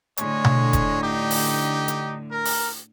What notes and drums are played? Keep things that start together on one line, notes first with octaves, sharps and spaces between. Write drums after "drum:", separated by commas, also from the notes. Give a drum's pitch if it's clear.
A2 D3 G#3 C#5, drum: hi-hat
drum: tom B2
drum: kick E1, hi-hat
D#4 G4
drum: open hi-hat
drum: hi-hat
A#4
drum: open hi-hat